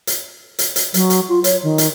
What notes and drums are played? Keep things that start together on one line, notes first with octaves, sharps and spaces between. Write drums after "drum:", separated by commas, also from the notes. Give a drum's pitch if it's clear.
drum: hi-hat
drum: hi-hat
drum: hi-hat
F#3, drum: hi-hat
drum: hi-hat
F4
C#5, drum: hi-hat
D#3
drum: hi-hat